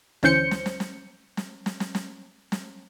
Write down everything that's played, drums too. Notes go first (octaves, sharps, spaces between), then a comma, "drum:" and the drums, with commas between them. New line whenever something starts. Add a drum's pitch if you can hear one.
D2 E3 C#4 C5 G6 C#7, drum: snare
drum: snare
drum: snare
drum: snare
drum: snare
drum: snare
drum: snare
drum: snare
drum: snare